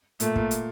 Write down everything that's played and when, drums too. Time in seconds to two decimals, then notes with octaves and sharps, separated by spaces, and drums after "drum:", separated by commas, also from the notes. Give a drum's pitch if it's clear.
0.20 A#2 A3 A#3, drum: hi-hat
0.36 A#2 A#3, drum: kick
0.51 drum: hi-hat